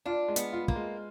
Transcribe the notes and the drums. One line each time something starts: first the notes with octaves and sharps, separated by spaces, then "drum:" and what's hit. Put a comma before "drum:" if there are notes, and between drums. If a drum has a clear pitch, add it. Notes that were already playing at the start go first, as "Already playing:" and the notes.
D4 F4
G#3
B3, drum: hi-hat
F4
A#3, drum: kick
G#3